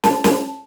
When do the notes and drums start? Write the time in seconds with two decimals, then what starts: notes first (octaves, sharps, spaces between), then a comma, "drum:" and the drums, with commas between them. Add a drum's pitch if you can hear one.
0.04 A5, drum: snare
0.24 drum: snare